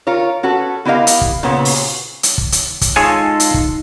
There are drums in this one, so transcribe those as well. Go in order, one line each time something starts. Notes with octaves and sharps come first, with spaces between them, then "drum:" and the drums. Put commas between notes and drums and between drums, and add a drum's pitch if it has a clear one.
F4 A#4 C#5
C#4 F#4 A4 B4
B3 E4 G4 A#4 D#5 F5
drum: hi-hat
drum: kick
A#2 C#3 B3 C#4
drum: open hi-hat
drum: hi-hat
drum: kick
drum: hi-hat
drum: kick, hi-hat
G#3 D#4 F4 G#4 A4 C#5 G#5
drum: hi-hat
drum: kick